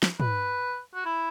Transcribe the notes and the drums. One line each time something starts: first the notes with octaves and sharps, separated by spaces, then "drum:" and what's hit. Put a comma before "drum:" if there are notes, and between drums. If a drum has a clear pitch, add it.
drum: snare
B4, drum: tom
F#4
E4